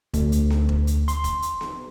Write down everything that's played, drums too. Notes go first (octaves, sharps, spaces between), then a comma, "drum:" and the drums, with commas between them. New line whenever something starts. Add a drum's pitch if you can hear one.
D2, drum: kick E1, hi-hat
drum: hi-hat
drum: snare B3
drum: kick E1
drum: hi-hat
C6, drum: hi-hat
drum: kick E1, hi-hat
drum: hi-hat
drum: snare B3